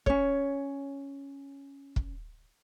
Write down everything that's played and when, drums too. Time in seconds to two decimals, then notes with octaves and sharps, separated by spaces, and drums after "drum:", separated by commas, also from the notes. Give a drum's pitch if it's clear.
0.06 C#4 C#5, drum: kick
1.96 drum: kick